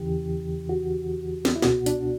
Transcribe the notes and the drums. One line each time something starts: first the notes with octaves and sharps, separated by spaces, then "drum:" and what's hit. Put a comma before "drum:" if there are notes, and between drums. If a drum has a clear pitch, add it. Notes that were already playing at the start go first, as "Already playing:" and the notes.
Already playing: E2 C#3 E3 G4
F#4
drum: snare
E4
C#2 B2 F#4, drum: snare
D4, drum: hi-hat